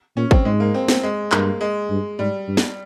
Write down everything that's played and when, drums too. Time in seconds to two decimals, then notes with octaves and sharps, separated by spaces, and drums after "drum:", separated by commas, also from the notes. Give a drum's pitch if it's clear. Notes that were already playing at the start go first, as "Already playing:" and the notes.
0.16 A#2 C#4
0.31 C4, drum: kick
0.45 G#2 G#3
0.60 A#3
0.74 C4
0.88 C4, drum: snare
1.03 G#3
1.32 G2 A#3, drum: clap
1.61 G#3
1.90 G2
2.19 G#2 G3
2.48 G2
2.57 drum: snare